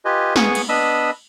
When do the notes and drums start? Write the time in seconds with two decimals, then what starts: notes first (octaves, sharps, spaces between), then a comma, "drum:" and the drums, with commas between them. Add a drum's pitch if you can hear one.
0.05 F4 G4 B4 D#5 G#5
0.36 B3 G#4 C#6 D#6, drum: snare
0.55 drum: cymbal
0.69 B3 D4 D#5 B5 D#6 E6